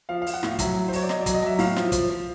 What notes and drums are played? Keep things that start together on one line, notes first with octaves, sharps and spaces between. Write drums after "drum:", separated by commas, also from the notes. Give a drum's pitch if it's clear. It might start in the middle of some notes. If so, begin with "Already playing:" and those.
F3 F5
F5
F3, drum: open hi-hat
F#5
A2 F5, drum: snare
F#3 E5, drum: kick, hi-hat
F#3
C5
F#3 C#5, drum: open hi-hat
D5
F#3 D#5, drum: snare
D5
F#3, drum: kick, hi-hat
D#5
F#3 E5
A2 F5, drum: open hi-hat
F3, drum: snare
F3, drum: kick, hi-hat
F3